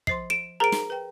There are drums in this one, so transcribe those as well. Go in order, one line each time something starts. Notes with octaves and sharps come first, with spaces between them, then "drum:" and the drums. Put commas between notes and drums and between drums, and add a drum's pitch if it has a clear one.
F3 C5 C6 C7, drum: kick
D7 E7
G#4 A#4 C5 A#5 D7
drum: snare
B4 G5